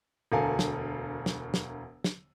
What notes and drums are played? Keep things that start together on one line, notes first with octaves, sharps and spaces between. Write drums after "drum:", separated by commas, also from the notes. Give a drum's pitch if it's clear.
E1 D2 A4 A#4 F5 G#5
drum: snare
drum: snare
drum: snare
drum: snare